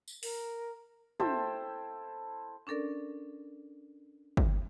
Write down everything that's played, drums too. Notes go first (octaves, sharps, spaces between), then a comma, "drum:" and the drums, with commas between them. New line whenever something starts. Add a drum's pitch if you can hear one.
drum: tambourine
A#4, drum: open hi-hat
E4 A4 C5 G5, drum: tom
C#4 D4 A4 A#4 D5
drum: kick